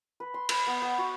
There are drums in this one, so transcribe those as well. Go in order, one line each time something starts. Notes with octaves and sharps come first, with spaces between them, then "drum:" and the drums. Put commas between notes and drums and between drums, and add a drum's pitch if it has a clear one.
B4
C6
B4, drum: cymbal
B3
B3
F#4